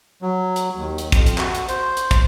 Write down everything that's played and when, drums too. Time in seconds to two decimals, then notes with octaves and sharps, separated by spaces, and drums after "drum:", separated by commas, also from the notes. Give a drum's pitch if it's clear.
0.22 F#3
0.56 drum: hi-hat
0.76 D#2
0.98 drum: hi-hat
1.12 F2, drum: kick, hi-hat
1.26 drum: hi-hat
1.38 F#4, drum: clap
1.55 drum: hi-hat
1.68 C5, drum: hi-hat
1.97 drum: hi-hat
2.11 drum: kick, hi-hat